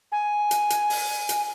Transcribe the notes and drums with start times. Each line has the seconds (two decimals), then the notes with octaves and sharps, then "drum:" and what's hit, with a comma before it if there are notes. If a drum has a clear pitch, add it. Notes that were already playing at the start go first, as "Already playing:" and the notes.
0.12 G#5
0.51 drum: hi-hat
0.70 drum: hi-hat
0.90 drum: open hi-hat
1.29 drum: hi-hat